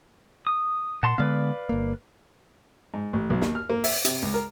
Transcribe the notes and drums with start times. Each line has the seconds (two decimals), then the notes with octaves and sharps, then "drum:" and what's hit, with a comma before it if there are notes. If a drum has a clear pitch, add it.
0.47 D#6
1.03 A#2 F#5 A5 C6
1.18 D3 G#3 B3 B4 D5 F5
1.69 G1 A#3
2.94 G#2
3.13 A1
3.30 B1
3.42 D#2, drum: snare
3.55 F6
3.70 A#3
3.84 E5, drum: open hi-hat
4.05 C3, drum: hi-hat
4.22 C#2
4.34 A#4